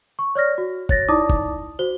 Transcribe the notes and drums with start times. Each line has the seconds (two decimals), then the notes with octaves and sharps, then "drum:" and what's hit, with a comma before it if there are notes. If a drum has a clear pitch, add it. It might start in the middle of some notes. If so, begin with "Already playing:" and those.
0.19 C#6
0.35 C#5 D5 F6 A#6
0.58 F#4
0.89 C#5 A6 A#6, drum: kick
1.09 D#4 E4 D5 A5 D6 D#6
1.30 drum: kick
1.79 F#4 C5 G7